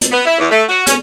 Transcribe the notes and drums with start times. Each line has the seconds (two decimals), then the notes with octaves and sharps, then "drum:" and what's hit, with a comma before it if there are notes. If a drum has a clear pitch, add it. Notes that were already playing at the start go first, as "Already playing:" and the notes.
0.01 drum: hi-hat
0.12 B3
0.26 E4
0.39 E2
0.51 A3
0.69 F#4
0.87 C#4, drum: hi-hat